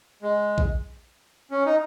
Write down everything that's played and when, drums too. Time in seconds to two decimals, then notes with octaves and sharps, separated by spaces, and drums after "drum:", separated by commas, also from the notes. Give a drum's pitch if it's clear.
0.23 G#3
0.58 drum: kick A#1
1.51 C#4
1.66 D#4